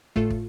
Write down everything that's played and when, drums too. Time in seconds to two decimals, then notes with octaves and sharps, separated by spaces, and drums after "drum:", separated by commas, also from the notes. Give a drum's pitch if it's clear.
0.16 A2 A3 F4 A4, drum: kick
0.30 drum: kick